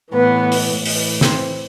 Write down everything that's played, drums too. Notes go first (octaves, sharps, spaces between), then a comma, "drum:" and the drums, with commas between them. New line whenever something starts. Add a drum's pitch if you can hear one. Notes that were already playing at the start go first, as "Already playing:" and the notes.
A2 E3 B3 B4
drum: open hi-hat
A2 E3, drum: open hi-hat
C4 C5, drum: snare